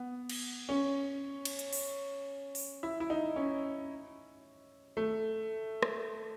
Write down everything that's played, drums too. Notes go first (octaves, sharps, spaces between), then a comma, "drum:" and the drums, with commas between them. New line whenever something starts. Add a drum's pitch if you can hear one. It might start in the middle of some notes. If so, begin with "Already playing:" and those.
Already playing: B3
drum: cymbal
C#4
drum: cymbal
drum: hi-hat
drum: open hi-hat
drum: open hi-hat
E4
E4
D#4
C#4
A3
drum: rim click